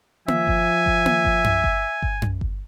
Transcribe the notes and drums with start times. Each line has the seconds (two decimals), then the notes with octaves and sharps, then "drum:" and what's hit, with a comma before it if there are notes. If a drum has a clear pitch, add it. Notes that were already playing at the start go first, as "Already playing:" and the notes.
0.28 F3 E5 G#5, drum: tom A#3
0.47 drum: kick G1
0.86 drum: kick G1
1.06 drum: tom A#3
1.25 drum: kick G1
1.44 drum: tom F#2
1.64 drum: kick G1
2.03 drum: kick G1
2.22 drum: tom F#2
2.41 drum: kick G1